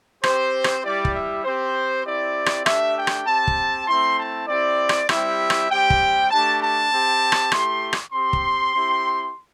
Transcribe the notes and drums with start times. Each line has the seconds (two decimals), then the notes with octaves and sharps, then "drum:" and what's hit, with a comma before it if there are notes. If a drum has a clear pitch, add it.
0.23 C4 G4 C5, drum: rim click
0.64 drum: rim click
0.84 G3 E4 G4 D5
1.05 drum: kick
1.15 E5
1.45 C4 G4 C5
2.05 C4 E4 G4 D5
2.46 drum: rim click
2.66 A3 D4 G4 E5, drum: rim click
2.96 G5
3.07 drum: rim click
3.27 C4 G4 A5
3.47 drum: kick
3.88 A3 C4 E4 C6
4.18 A5
4.48 C4 E4 G4 D5
4.89 drum: rim click
5.09 G3 C4 E4 G4 E5, drum: rim click
5.50 drum: rim click
5.70 G3 C4 G4 G5
5.90 drum: kick
6.30 A3 D4 G4 A5
6.61 A5
6.91 C4 G4
7.32 drum: rim click
7.52 A3 E4 G4 C6, drum: rim click
7.93 drum: rim click
8.12 C4 G4 C6
8.33 drum: kick
8.74 C4 E4 G4